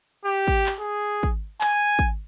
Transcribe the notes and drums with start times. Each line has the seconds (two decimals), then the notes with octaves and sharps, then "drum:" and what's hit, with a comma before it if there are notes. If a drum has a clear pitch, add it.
0.25 G4
0.47 drum: kick
0.66 drum: clap
0.80 G#4
1.23 drum: kick
1.61 G#5, drum: clap
1.99 drum: kick